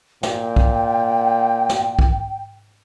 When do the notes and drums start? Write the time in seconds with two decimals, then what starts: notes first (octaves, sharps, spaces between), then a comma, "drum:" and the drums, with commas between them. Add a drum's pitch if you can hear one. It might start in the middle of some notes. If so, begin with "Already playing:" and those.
0.23 A#2 G5, drum: snare
0.56 drum: kick
1.69 drum: snare
1.99 drum: kick